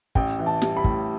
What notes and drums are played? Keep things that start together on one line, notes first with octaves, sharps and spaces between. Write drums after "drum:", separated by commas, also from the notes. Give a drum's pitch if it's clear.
A1 G5, drum: kick
E3
A5
G3, drum: snare
B5
A2, drum: kick